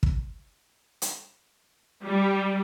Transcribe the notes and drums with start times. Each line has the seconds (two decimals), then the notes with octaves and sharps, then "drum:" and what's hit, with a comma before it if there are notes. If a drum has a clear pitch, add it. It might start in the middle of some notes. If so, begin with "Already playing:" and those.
0.03 drum: kick
1.02 drum: hi-hat
2.06 G3